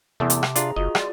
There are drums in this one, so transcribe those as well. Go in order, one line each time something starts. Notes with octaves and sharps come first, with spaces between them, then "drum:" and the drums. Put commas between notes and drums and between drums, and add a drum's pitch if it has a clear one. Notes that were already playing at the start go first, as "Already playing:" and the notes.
E2 C3 A3 A5 C6 D6
drum: hi-hat
drum: rim click
D4 F4 G#4 A#5, drum: hi-hat
F#1 F4 F#4 G#4 D#5
F4 D5, drum: rim click